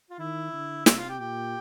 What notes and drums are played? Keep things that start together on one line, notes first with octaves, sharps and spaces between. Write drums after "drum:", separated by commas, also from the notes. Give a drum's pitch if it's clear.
F4
D#3 E4
D3
C3 E4, drum: snare
F4
G4
A#2 G4